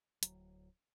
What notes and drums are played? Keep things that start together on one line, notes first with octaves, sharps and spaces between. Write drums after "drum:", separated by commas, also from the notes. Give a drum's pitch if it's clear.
D1 F#3, drum: hi-hat